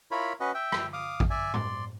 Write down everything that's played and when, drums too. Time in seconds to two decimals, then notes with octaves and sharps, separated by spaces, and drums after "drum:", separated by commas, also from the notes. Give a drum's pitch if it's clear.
0.11 E4 F4 A#4 C#5 B5
0.40 C#4 F#4 B4 D#5
0.54 E5 G5
0.72 drum: rim click
0.93 F5 D6 D#6
1.20 drum: kick A1
1.30 D5 E5 G#5
1.54 D5 C6, drum: tom A2